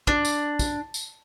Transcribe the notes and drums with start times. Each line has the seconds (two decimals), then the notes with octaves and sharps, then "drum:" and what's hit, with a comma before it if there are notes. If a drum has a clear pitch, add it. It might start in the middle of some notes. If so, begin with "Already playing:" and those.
0.07 D4, drum: kick
0.25 drum: tambourine
0.59 drum: kick, tambourine
0.94 drum: tambourine